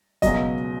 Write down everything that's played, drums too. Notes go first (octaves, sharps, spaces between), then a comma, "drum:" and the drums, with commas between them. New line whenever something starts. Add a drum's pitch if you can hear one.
C#2 B2 F#3 D#5, drum: kick, hi-hat